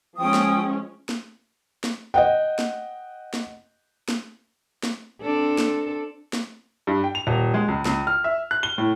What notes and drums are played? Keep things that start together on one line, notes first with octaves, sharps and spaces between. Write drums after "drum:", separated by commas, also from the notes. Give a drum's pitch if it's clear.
F3 G#3 C#4 G5 D#6
drum: snare
drum: snare
drum: snare
D#5 F#5 G5
drum: snare
drum: snare
drum: snare
drum: snare
C4 D4 A4
drum: snare
drum: snare
G2
G5
F7
D#1
G#3
C#2
C#2, drum: snare
F6
E5
F#6
G7
A2